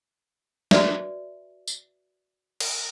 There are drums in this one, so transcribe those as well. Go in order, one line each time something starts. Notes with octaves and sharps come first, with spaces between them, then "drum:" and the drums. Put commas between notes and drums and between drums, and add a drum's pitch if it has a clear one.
F#4 B4 D5 E5, drum: snare
drum: tambourine
drum: cymbal